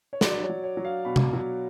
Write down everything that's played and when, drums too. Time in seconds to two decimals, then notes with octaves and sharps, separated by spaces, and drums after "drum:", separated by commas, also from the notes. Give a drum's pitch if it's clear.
0.13 C#5
0.21 F#3 D5, drum: snare
0.43 C#5
0.49 F#3
0.64 C#5
0.77 F#3
0.85 F5
1.05 B2 B5
1.16 drum: tom C3
1.33 F#3